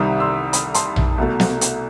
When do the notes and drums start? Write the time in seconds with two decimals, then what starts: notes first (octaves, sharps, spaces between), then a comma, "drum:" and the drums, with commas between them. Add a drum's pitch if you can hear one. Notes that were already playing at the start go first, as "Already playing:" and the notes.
Already playing: C2 C3 D#3 G3 B5 D#6
0.20 C6 E6
0.53 B5 D#6, drum: hi-hat
0.74 A5 C6, drum: hi-hat
0.96 drum: tom A#1
1.18 C2 B2 A3
1.40 drum: snare
1.61 drum: hi-hat